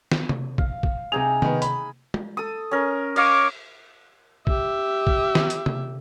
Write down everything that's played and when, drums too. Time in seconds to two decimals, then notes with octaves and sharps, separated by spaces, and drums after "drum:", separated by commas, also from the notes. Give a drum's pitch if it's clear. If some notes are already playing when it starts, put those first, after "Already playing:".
0.12 drum: snare
0.29 drum: tom C3
0.58 F5, drum: kick
0.83 drum: kick
1.12 C3 D#4 G#4 F7
1.42 D#3 B3, drum: tom C3
1.62 B5, drum: hi-hat
2.14 drum: tom G#3
2.37 A4 D#6
2.71 C#4 A#4
3.16 C#5 D#5 F5 D6 D#6, drum: cymbal
4.47 G4 E5, drum: kick
5.07 drum: kick
5.35 drum: snare
5.50 drum: hi-hat
5.66 drum: tom C3